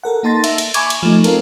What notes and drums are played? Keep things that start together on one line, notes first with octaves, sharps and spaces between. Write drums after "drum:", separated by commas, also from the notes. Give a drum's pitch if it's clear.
A4 A#4 F#5
A#3 D#4 A5 C6 A6 A#6
E5 A#6, drum: cymbal
drum: cymbal
G#5 B5 C#6 D6 G#6, drum: cymbal
drum: cymbal
F3 A3 D#4
C4 F4 A4 A#4, drum: cymbal